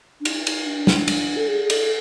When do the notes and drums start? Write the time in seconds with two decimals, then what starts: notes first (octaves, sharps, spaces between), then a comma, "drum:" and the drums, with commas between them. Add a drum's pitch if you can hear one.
0.20 D4
0.25 D#4, drum: cymbal
0.47 D#4, drum: cymbal
0.66 D4
0.87 drum: snare
1.08 drum: cymbal
1.36 A4
1.48 G#4
1.64 G#4
1.70 A4, drum: cymbal